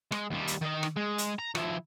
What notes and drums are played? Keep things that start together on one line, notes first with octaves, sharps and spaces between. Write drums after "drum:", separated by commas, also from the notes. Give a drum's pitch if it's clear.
G#3, drum: rim click
D#2 G3
drum: hi-hat
D#3 D#5
drum: rim click
G#3
drum: hi-hat
A#5
F3 E4, drum: rim click